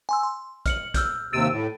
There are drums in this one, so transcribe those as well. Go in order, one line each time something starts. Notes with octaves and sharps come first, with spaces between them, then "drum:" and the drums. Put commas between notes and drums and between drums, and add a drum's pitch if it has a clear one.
G#5 C6 E6
C6
F6 C#7 F#7, drum: kick, hi-hat
E6 F6 G6, drum: kick, hi-hat
D#2 C3 E6 A6 D7 D#7
A2